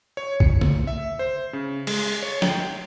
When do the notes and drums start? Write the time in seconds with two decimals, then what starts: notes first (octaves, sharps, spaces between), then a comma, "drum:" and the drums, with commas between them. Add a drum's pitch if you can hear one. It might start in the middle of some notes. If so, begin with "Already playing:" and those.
0.17 C#5
0.40 C#7, drum: kick
0.61 drum: tom
0.87 E5
1.19 C5
1.53 C#3
1.87 G#3, drum: cymbal
2.23 C#5
2.42 G5, drum: snare